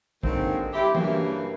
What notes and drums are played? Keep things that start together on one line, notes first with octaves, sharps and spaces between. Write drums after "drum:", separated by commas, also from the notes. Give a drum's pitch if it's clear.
D3 D#3 F#3 G#3 A#3 C4, drum: kick
G3 C4 E4 G4
G2 C#3 E3 F#3 A#3, drum: tom E3